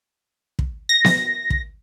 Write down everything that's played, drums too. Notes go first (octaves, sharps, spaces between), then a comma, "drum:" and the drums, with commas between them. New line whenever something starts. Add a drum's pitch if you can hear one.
drum: kick
A#6
drum: snare B3
drum: kick